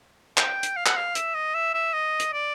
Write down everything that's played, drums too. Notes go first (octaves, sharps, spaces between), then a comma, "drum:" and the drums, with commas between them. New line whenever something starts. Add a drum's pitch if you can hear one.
G5, drum: clap
drum: hi-hat
F5
F#5, drum: clap
F5
E5, drum: hi-hat
D#5
E5
E5
D#5
drum: hi-hat
D5